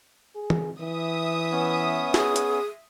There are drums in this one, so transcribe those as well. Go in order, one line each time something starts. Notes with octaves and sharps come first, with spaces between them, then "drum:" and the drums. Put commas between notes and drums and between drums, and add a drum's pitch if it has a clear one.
G#4
drum: tom
E3 E5 D#6
B3 C#4
G#4, drum: snare
drum: hi-hat